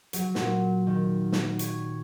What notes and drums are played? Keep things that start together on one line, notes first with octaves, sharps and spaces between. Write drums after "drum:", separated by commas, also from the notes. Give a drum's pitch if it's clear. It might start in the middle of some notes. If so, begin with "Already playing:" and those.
F#3, drum: hi-hat
A#2, drum: snare
D#3
drum: snare
C#5, drum: hi-hat